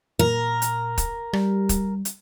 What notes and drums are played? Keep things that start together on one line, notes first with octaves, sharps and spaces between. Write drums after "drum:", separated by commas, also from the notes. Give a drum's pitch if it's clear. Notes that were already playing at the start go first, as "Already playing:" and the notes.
A#2 A#4
drum: hi-hat
drum: kick, hi-hat
G3, drum: rim click
drum: kick, hi-hat
drum: hi-hat